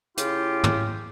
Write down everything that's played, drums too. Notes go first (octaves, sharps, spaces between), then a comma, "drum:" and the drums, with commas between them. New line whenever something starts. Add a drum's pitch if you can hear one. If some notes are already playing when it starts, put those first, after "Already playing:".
C#3 E4 F4 G4, drum: hi-hat
drum: tom